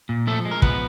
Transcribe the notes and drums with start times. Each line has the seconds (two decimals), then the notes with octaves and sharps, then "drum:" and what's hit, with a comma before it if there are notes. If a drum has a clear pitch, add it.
0.09 A#2
0.27 F3 A3 A4
0.45 G#3
0.51 A#4
0.62 F3 B3 B4, drum: kick